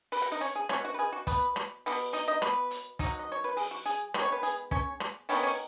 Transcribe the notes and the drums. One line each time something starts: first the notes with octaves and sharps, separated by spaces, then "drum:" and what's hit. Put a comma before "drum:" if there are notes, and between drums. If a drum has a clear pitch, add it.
B4 B5, drum: open hi-hat
F#4 F#5
D#4 D#5
C#4 C#5, drum: hi-hat
G#4
B2 F#3 B3 C#4 C#5, drum: rim click
F#4 F#5
B4
G#4
F#4
B3 B4, drum: kick, hi-hat
drum: rim click
B2 G#3 B3, drum: open hi-hat
D#4 D#5, drum: hi-hat
D#4 D#5
B3 B4, drum: rim click
drum: hi-hat
F#3 D#4, drum: kick, hi-hat
F#5
D#5
C#5
B4
G#4, drum: open hi-hat
F#4
G#4, drum: hi-hat
D#3 G#3 B3, drum: rim click
C#5
B4
G#4, drum: hi-hat
C#4 C#5, drum: kick
drum: rim click
D#3 B3 C#4 D#4 C#5, drum: open hi-hat
C#4 C#5